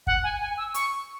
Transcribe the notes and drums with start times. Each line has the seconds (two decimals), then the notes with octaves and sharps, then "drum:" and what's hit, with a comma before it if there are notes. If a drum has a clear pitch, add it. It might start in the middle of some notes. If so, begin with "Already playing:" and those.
0.07 F#5, drum: kick
0.24 G#5
0.41 G#5
0.58 E6
0.74 C#6, drum: hi-hat